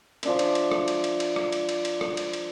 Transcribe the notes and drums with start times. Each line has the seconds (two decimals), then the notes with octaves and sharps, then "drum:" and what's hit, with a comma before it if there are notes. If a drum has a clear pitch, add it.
0.23 F3 D4 E5, drum: cymbal
0.39 drum: cymbal
0.55 drum: cymbal
0.71 drum: rim click
0.88 drum: cymbal
1.04 drum: cymbal
1.20 drum: cymbal
1.36 drum: rim click
1.52 drum: cymbal
1.69 drum: cymbal
1.85 drum: cymbal
2.01 drum: rim click
2.17 drum: cymbal
2.33 drum: cymbal